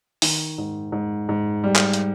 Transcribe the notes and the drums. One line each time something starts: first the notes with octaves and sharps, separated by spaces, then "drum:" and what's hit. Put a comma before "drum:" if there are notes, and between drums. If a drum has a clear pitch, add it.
D#3, drum: open hi-hat
G#2
G#2
G#2
G3
drum: clap
drum: hi-hat